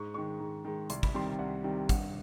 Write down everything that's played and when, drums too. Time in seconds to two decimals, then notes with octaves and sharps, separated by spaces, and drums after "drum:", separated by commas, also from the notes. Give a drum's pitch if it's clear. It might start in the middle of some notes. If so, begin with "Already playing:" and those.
Already playing: G#2 C#6
0.14 D#3 G#3 C#6
0.40 G#2
0.65 D#3 G#3
0.90 C2 C6, drum: hi-hat
1.03 B5, drum: kick
1.14 C3 D#3 G3 C6
1.39 C2 F#5
1.64 C3 D#3 G3
1.89 G2 F#5, drum: kick, hi-hat